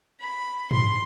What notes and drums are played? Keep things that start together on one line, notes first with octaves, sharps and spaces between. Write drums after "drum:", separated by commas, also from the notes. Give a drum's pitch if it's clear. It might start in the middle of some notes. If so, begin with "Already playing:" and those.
B5
C6, drum: tom G2